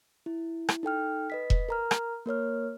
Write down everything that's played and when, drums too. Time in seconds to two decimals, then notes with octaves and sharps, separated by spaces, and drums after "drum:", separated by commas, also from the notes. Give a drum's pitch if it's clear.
0.26 E4
0.69 drum: rim click
0.83 D#4 A4 G5 F6
1.30 B4 D#5 B6
1.50 drum: kick E1
1.69 A#4 A#5 F6
1.91 drum: rim click
2.26 A#3 A#4 C#5 F6